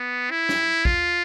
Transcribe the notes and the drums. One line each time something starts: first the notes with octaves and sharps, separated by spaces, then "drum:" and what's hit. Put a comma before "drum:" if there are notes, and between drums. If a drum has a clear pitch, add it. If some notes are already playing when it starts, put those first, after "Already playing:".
Already playing: B3
E4
drum: snare
F4, drum: kick